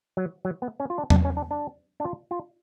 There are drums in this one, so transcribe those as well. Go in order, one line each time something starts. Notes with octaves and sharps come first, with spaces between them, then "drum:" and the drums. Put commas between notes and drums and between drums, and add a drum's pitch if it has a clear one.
F#3
F#3
B3
C#4
F4
D4
D4, drum: tom E2
C#4
D4
D4
D4
F4
F4